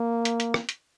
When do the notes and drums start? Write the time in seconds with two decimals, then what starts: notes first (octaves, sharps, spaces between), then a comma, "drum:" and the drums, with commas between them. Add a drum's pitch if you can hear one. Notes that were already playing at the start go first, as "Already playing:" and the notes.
Already playing: A#3
0.25 drum: hi-hat
0.40 drum: hi-hat
0.54 drum: rim click
0.69 drum: hi-hat